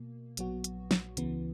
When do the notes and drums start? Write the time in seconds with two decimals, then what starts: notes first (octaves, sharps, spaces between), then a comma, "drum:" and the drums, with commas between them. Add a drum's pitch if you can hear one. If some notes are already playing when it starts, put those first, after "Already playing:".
Already playing: B2 A#3
0.37 A#1 A#2 F#3 B3 F#4, drum: hi-hat
0.64 drum: hi-hat
0.91 drum: snare
1.17 C#2 C#3 E3 B3, drum: hi-hat